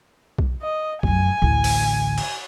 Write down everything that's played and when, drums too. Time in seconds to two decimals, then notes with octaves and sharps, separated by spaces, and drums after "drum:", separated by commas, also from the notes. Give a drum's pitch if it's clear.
0.38 drum: kick B1
0.62 D#5
1.03 F1 F#2 G#5, drum: kick B1
1.42 A1 D2
1.64 drum: open hi-hat
2.18 drum: cymbal